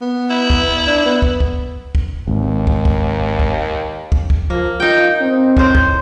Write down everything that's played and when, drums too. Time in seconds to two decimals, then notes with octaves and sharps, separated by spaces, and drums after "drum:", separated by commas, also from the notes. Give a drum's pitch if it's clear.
0.01 B3
0.30 E4
0.50 drum: kick
0.87 D4
1.06 B3
1.22 drum: kick
1.40 drum: kick
1.95 drum: kick
2.28 G#1 D#2
2.67 drum: kick
2.85 drum: kick
3.39 drum: kick
4.12 drum: kick
4.30 drum: kick
4.50 F3 A#3
4.80 D#4 F4 G5
5.21 C4
5.57 A2 C5, drum: kick
5.75 drum: kick